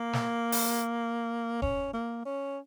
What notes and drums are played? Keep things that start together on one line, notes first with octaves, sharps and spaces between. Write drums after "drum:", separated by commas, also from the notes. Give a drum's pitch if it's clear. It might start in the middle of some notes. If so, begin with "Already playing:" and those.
Already playing: A#3
drum: snare
drum: open hi-hat
C#4, drum: kick
A#3
C#4